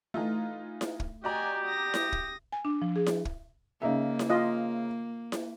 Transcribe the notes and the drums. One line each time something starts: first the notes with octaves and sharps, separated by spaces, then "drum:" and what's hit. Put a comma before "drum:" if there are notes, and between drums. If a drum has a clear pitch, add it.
E3 A3 D#4 F4
drum: snare E4
drum: kick
F#4 G4 D5 D#5 G#5 A#5
D#6 A#6
drum: snare E4
drum: kick
G#5
D4
F3
G#4
drum: snare E4
drum: kick
C#3 A#3 D#4 E5
drum: snare E4
F4 D#5
drum: snare E4